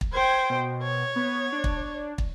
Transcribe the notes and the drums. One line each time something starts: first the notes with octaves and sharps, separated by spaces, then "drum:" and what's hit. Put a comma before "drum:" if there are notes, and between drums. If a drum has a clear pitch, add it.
drum: kick
C5 G5 G#6
B2
C#5
B3
D4
drum: kick
drum: kick